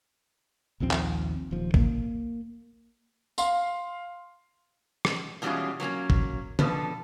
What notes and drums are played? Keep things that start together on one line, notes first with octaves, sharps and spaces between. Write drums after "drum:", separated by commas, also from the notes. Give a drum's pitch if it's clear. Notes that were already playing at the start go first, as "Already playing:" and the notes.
A#1 D#2 F3 C4
drum: clap
D#1 D#2 F3
A#3, drum: kick
F5 C6, drum: tambourine
drum: rim click
B2 E3 G3 G#3 C#4 F4
F#3 A#3 C4 C#4
drum: kick
B2 D3 F3 A4 B4, drum: tom